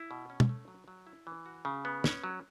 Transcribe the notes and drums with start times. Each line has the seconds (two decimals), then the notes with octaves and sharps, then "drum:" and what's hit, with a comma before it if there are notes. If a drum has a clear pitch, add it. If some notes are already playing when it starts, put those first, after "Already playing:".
Already playing: E4
0.11 B2
0.30 C#4
0.40 drum: tom
0.49 A3
0.68 F#3
0.88 F#3
1.07 E4
1.27 E3
1.46 F#4
1.65 C#3
1.85 B3
2.04 C#4, drum: snare
2.24 F#3